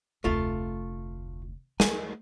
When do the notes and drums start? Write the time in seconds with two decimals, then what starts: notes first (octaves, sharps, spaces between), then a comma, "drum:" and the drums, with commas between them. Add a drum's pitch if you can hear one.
0.24 F1 D2 A3 F4
1.80 A3 G#5, drum: snare